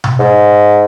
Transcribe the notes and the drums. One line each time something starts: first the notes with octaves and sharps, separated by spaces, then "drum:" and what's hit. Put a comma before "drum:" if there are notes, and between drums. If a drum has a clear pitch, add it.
drum: tom B2
G#2